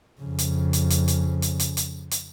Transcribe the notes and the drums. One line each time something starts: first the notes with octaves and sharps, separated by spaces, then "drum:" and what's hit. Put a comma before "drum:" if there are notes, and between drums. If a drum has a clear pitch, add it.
F2 C#3
drum: hi-hat
drum: hi-hat
drum: hi-hat
drum: hi-hat
drum: hi-hat
drum: hi-hat
drum: hi-hat
drum: hi-hat